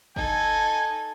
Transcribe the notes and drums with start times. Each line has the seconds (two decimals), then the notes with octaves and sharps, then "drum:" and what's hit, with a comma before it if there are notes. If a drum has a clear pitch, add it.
0.16 D#4 A4 G#5, drum: kick